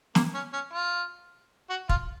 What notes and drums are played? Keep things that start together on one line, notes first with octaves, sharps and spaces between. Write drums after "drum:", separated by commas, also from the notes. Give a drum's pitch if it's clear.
A#3, drum: snare
C#4
C#4
F4
F#4
F4, drum: kick